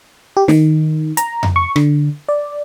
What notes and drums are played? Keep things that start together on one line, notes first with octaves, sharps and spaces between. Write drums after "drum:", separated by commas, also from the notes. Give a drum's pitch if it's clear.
G4
D#3, drum: snare
A#5, drum: hi-hat
drum: tom F2
C#6
D3, drum: rim click
D5